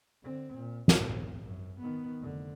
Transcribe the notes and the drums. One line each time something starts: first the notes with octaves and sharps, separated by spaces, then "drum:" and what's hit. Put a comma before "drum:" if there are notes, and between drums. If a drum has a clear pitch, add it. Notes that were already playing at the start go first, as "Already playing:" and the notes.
D3 C4
A#2
G#1 E2, drum: snare
F#2
D#3 B3
F1 D3